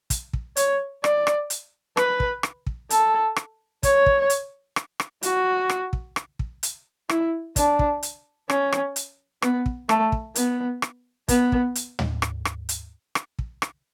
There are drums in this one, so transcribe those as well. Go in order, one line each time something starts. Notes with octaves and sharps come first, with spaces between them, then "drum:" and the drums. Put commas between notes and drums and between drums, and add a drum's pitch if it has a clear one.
drum: kick, hi-hat
drum: kick
C#5, drum: hi-hat
D5, drum: rim click
drum: rim click
drum: hi-hat
B4, drum: rim click
drum: kick
drum: rim click
drum: kick
A4, drum: hi-hat
drum: rim click
C#5, drum: kick, hi-hat
drum: kick
drum: hi-hat
drum: rim click
drum: rim click
F#4, drum: hi-hat
drum: rim click
drum: kick
drum: rim click
drum: kick
drum: hi-hat
E4, drum: rim click
D4, drum: kick, hi-hat
drum: kick
drum: hi-hat
C#4, drum: rim click
drum: rim click
drum: hi-hat
B3, drum: rim click
drum: kick
A3, drum: rim click
drum: kick
B3, drum: hi-hat
drum: rim click
B3, drum: kick, hi-hat
drum: kick
drum: hi-hat
drum: tom
drum: rim click
drum: rim click
drum: hi-hat
drum: rim click
drum: kick
drum: rim click